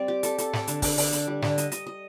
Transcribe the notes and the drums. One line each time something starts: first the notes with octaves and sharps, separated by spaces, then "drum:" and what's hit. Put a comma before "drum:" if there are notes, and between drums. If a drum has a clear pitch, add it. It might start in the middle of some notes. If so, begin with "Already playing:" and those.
Already playing: G3 C4 D5
G4
A4, drum: hi-hat
A4, drum: hi-hat
D5, drum: snare
D3, drum: hi-hat
D3, drum: kick, open hi-hat
D3, drum: open hi-hat
D4, drum: hi-hat
G3
D3, drum: snare
D#5, drum: hi-hat
D#5, drum: hi-hat
D#5